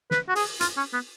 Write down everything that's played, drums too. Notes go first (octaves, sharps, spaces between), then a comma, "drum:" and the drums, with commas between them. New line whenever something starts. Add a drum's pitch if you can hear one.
B4, drum: snare
F#4
G#4, drum: open hi-hat
F4, drum: hi-hat
C#4
B3